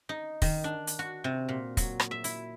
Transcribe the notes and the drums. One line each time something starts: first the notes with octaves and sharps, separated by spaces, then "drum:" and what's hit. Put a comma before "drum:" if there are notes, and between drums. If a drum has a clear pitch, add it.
D#4
D#3, drum: kick, open hi-hat
D4
drum: hi-hat
F#4
C3
A#2
F#3, drum: kick, hi-hat
drum: rim click
E5
E4, drum: hi-hat